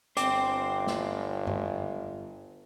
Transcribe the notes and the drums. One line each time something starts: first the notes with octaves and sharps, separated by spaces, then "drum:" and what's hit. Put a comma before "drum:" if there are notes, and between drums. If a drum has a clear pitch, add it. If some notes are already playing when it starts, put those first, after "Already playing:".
G1 C5 G5 D6, drum: hi-hat
drum: snare
drum: tom F#2